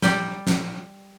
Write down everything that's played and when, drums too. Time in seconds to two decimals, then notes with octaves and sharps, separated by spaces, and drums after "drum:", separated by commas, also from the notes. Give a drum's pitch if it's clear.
0.02 G3 G4 D5, drum: snare
0.47 drum: snare